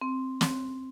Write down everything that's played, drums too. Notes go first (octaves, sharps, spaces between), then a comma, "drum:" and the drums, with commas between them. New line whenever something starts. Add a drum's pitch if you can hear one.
C4
C4, drum: snare